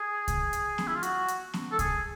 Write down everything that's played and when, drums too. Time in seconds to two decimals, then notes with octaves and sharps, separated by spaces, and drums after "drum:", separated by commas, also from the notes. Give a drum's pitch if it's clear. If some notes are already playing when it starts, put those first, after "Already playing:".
Already playing: G#4
0.28 drum: kick C2, hi-hat
0.53 drum: hi-hat
0.78 drum: snare B3
0.88 E4
0.95 F4
1.03 F#4, drum: hi-hat
1.28 drum: hi-hat
1.54 drum: snare B3
1.72 A4
1.79 G#4, drum: kick C2, hi-hat